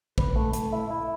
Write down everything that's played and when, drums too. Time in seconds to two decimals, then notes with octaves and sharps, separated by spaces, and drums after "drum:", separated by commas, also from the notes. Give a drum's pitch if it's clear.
0.18 B4, drum: kick
0.36 A3
0.53 A3, drum: hi-hat
0.73 E4
0.90 E4